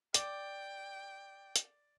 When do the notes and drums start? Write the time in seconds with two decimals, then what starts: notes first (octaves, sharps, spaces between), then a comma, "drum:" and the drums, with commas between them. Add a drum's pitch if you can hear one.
0.14 D5 G5 D6, drum: hi-hat
1.56 drum: hi-hat